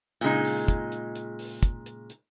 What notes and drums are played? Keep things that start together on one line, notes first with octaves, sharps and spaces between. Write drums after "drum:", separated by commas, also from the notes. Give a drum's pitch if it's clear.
A#2 C#3 G#3 D#4, drum: hi-hat
drum: open hi-hat
drum: kick, hi-hat
drum: hi-hat
drum: hi-hat
drum: open hi-hat
drum: kick, hi-hat
drum: hi-hat
drum: hi-hat